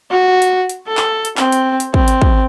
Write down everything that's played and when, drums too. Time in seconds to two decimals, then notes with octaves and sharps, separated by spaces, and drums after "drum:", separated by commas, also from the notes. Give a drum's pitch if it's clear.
0.11 F#4
0.42 drum: hi-hat
0.70 drum: hi-hat
0.87 A4
0.97 drum: clap
1.25 drum: hi-hat
1.37 C4, drum: clap
1.52 drum: hi-hat
1.80 drum: hi-hat
1.94 C4, drum: kick
2.08 drum: hi-hat
2.22 drum: kick